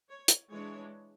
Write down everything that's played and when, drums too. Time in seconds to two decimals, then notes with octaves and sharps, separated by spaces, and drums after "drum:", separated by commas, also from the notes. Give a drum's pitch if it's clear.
0.09 C#5
0.28 drum: hi-hat
0.53 E3 G#3 D4 C#5